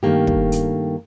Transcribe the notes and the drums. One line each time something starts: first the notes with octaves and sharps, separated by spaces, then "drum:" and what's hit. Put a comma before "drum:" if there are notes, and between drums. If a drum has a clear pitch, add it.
G2 D#3 A3 A#3 G4
drum: kick
drum: hi-hat